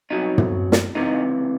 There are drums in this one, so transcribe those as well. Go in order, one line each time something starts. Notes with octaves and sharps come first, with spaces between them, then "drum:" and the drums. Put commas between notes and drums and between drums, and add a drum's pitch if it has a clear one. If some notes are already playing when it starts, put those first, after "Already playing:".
C2 B2 F#3 D#4
drum: tom
drum: snare
C#2 C3 E3 D#4